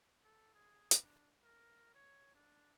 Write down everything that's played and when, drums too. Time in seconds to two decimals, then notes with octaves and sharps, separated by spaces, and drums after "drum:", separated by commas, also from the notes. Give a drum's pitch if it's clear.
0.24 A4
0.54 G#4
0.91 drum: hi-hat
1.02 D4
1.43 A#4
1.95 C#5
2.35 D4